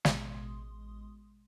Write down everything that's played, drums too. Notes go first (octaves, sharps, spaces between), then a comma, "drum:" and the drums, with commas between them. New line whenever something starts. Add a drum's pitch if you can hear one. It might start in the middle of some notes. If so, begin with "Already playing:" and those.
A1 B2 G#3 C6 D#6, drum: snare